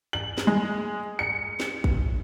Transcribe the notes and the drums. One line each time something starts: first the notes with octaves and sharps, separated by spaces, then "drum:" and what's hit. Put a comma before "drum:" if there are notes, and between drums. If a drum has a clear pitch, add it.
F#7
drum: snare
G#3
C#7
drum: snare
drum: kick